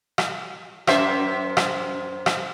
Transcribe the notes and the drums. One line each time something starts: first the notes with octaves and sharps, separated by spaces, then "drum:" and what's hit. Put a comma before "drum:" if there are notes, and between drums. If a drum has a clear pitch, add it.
drum: rim click
F#2 C5 E5, drum: rim click
drum: rim click
drum: rim click